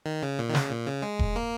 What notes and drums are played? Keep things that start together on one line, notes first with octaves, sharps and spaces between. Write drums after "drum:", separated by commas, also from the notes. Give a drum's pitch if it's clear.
D#3
C#3
A#2
D#3
C#3, drum: snare
A#2
C#3
G#3
drum: kick E1
A#3